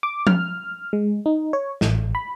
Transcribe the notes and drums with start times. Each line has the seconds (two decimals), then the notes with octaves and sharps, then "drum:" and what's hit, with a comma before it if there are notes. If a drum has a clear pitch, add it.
0.03 D6
0.27 F6, drum: tom F3
0.93 G#3
1.26 D#4
1.53 C#5
1.81 A1, drum: snare
2.15 B5